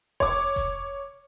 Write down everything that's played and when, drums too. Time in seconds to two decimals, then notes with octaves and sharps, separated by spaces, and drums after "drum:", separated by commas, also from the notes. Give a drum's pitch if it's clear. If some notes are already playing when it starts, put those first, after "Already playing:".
0.20 C#5 D6, drum: kick F1
0.56 drum: kick F1, hi-hat